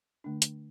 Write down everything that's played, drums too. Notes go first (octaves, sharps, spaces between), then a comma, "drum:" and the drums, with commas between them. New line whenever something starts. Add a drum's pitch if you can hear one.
D3 A3 D4
drum: hi-hat